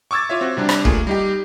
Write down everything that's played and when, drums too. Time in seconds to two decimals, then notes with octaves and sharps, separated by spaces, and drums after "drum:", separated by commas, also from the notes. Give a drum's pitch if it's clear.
0.11 C#6 D6 E6 G#6 A6
0.30 F4 C#5 E5
0.41 C4 F#4
0.57 C3 G3 D4
0.69 drum: rim click
0.85 A3 A#3 F4 G#4, drum: kick
1.07 G3 D#4 G4